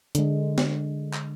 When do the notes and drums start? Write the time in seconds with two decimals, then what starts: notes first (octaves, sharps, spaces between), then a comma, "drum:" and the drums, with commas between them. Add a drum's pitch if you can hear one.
0.15 D3 G#3, drum: hi-hat
0.58 drum: snare
1.13 drum: clap